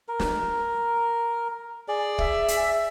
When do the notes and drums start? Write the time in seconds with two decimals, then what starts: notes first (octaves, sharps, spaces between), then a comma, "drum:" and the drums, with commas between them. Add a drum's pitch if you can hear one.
0.08 A#4
0.20 drum: snare
1.88 G#4 D5
2.18 E5, drum: kick
2.48 drum: hi-hat